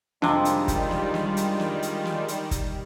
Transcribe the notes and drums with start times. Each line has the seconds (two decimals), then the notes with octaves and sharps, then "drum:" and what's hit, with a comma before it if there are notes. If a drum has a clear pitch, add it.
0.22 F2 C3 D#3 G3 G#3 D4 F4, drum: snare
0.45 drum: hi-hat
0.68 drum: kick F#1, hi-hat
0.91 drum: snare
1.14 drum: snare
1.37 drum: hi-hat
1.60 drum: snare
1.82 drum: hi-hat
2.05 drum: snare
2.28 drum: hi-hat
2.51 drum: kick F#1, hi-hat